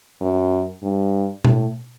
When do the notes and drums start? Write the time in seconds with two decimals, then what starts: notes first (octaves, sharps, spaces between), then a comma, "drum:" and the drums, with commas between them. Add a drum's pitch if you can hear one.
0.21 F#2
0.83 G2
1.45 A2, drum: tom B2